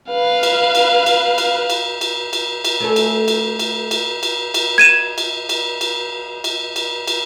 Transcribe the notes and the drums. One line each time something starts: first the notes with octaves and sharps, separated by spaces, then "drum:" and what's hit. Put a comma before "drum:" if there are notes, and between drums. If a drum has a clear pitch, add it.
B4 F5
drum: cymbal
drum: cymbal
drum: cymbal
drum: cymbal
drum: cymbal
drum: cymbal
drum: cymbal
drum: cymbal
A3 C#4 A4
drum: cymbal
drum: cymbal
drum: cymbal
drum: cymbal
drum: cymbal
drum: cymbal
G#6 D#7 E7
drum: cymbal
drum: cymbal
drum: cymbal
drum: cymbal
drum: cymbal
drum: cymbal